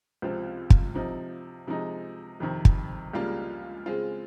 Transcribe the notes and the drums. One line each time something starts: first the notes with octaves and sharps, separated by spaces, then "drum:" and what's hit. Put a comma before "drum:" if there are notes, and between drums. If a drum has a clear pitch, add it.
C#2 C3 F3 C4 F4
drum: kick
C3 F3 C4 D#4
C3 F3 G#3 D#4
F2 C3 D#3
drum: kick
C#2 C#3 G3 A#3 F4
C#3 G#3 C4 F4